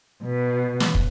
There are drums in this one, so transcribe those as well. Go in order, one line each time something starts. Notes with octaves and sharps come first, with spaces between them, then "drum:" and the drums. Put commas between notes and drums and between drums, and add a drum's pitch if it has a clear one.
B2
drum: snare
drum: kick